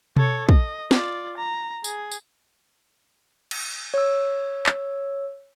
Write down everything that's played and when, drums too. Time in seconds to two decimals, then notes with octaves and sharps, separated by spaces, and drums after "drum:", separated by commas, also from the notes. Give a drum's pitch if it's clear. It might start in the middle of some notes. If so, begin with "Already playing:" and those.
0.16 A4 C#5, drum: tom B2
0.49 D#5, drum: kick
0.91 F4 D5, drum: snare
1.38 A#5
1.84 G#4, drum: tambourine
2.11 drum: tambourine
3.51 drum: cymbal
3.94 C#5 E6
4.66 drum: clap